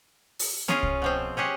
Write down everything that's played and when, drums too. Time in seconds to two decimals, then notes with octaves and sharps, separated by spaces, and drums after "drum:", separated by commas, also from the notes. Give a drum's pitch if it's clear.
0.39 drum: open hi-hat
0.68 C#4 F4 G#4 F5, drum: snare B3
0.83 drum: kick C2
1.02 B2 F3 C4
1.37 C#4 G4 G#4 F#5